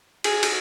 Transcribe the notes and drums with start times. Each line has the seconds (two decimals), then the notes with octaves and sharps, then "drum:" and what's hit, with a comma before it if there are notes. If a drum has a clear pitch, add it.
0.24 F#4 G#4, drum: cymbal
0.43 drum: cymbal